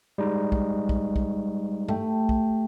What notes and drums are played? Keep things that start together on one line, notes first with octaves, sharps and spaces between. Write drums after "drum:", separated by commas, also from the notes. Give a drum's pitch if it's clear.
G3 G#3 D#4
drum: kick
drum: kick
drum: kick
A3 G4, drum: tom G2
drum: kick